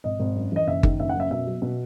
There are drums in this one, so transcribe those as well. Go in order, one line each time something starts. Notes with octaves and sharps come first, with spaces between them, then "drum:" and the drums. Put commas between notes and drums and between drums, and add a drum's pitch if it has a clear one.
G#1 D#5
G#1
F#2
E3 D#5
F#1 E5
D#3, drum: kick G1
F#1 E5
F#5
F#2 E5
B2 E5
F#3
B2